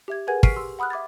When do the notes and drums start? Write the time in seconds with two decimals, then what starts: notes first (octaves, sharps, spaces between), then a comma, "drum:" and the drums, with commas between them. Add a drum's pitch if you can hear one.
0.08 G4 E5 G#6
0.27 G#4 A#4 B4 F#5 G#5 G#6
0.43 C#6 F6 B6 C7 D7 D#7, drum: kick
0.56 G4 C6 E6
0.79 F#5 B5 D#6 F6 F#6
0.90 E5 D6 G#6 A6